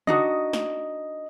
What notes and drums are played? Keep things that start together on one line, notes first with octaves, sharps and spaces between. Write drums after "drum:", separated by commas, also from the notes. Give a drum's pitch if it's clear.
D4 D#4 F#4 D#5, drum: tom
drum: snare